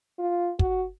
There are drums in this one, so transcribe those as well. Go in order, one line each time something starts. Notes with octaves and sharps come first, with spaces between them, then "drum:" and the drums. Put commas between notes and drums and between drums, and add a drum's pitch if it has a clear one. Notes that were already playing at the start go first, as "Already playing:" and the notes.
F4
F#4, drum: kick